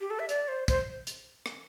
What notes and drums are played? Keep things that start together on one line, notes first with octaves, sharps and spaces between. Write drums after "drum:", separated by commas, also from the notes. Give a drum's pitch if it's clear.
G4
A4
E5
D5, drum: hi-hat
C5
C5, drum: kick, hi-hat
drum: hi-hat
drum: rim click